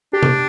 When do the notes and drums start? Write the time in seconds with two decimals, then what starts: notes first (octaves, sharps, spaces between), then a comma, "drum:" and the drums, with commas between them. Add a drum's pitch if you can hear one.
0.13 D4 G4
0.23 drum: tom C3